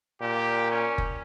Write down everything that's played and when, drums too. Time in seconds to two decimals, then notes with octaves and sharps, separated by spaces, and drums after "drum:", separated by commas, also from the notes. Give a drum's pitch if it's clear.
0.21 A#2 G4
0.71 C#4
0.98 drum: kick F#1